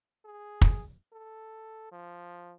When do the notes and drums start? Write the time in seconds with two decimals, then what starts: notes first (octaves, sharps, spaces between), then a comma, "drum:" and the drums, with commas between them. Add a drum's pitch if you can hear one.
0.25 G#4
0.61 drum: kick
1.13 A4
1.92 F3